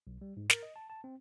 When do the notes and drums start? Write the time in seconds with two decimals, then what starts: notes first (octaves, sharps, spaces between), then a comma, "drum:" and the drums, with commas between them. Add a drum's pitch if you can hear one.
0.07 B1
0.21 G3
0.37 G#2
0.50 A#4, drum: snare
0.63 D#5
0.76 A5
0.90 A5
1.04 C4